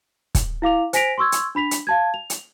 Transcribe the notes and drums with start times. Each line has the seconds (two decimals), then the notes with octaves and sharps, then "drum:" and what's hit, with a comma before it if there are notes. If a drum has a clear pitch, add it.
0.35 drum: kick, hi-hat
0.62 E4 F5 D6 F7
0.93 C5 G#5 A#6 B6 D7 F7, drum: hi-hat
1.18 C6 C#6 E6 G#6
1.32 drum: hi-hat
1.55 D4 B5 B6 F7
1.71 drum: hi-hat
1.87 F5 A5 G#6
2.14 F7
2.30 drum: hi-hat